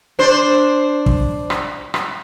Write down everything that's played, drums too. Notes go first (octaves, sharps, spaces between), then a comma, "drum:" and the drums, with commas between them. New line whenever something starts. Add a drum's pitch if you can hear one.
D4 C5
drum: kick
drum: rim click
drum: rim click